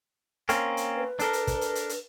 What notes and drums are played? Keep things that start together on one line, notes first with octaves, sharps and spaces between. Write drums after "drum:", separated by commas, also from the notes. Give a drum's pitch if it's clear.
A#3 C4 C#4, drum: hi-hat
drum: hi-hat
B4
D4 A4 A#4, drum: hi-hat
drum: hi-hat
drum: kick, hi-hat
drum: hi-hat
drum: hi-hat
drum: hi-hat